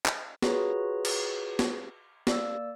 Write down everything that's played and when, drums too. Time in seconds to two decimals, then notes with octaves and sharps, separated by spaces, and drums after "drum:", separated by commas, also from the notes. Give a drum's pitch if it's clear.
0.06 drum: clap
0.42 F4 F#4 G#4 B4 C#5 A#5, drum: snare
1.05 drum: cymbal
1.59 drum: snare
2.27 A#3 D5 E6, drum: snare